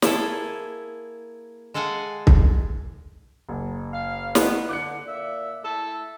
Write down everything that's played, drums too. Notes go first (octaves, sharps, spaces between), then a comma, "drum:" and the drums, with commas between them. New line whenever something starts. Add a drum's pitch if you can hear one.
A#3 E4 G#4 A4, drum: snare
G#3 A4 F5 F#5 G#5
drum: kick C2
F#1
F5
B2 B3, drum: snare
D3 D6 F#6 C#7
A#2 E5
A3 E4 A4